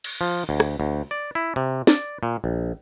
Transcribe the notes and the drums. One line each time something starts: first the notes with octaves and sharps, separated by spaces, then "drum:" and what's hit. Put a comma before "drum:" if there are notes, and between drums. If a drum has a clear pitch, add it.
drum: cymbal
F3
D2
drum: rim click
D2
D5
E4
C3
D5, drum: snare
A#2
A#1